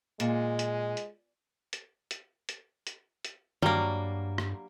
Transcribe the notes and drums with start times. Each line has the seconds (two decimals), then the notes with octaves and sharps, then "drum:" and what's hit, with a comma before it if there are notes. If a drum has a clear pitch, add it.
0.20 A#2 G#3, drum: hi-hat
0.59 drum: hi-hat
0.97 drum: hi-hat
1.73 drum: hi-hat
2.11 drum: hi-hat
2.49 drum: hi-hat
2.87 drum: hi-hat
3.25 drum: hi-hat
3.62 G2 F#3 G3 A#3 D4, drum: tom D#3
4.38 drum: rim click